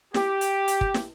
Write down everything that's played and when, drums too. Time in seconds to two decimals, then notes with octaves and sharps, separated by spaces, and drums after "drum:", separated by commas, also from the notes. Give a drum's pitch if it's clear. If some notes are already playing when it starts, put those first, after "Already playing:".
0.14 G4, drum: snare
0.41 drum: hi-hat
0.68 drum: hi-hat
0.81 drum: kick
0.94 drum: snare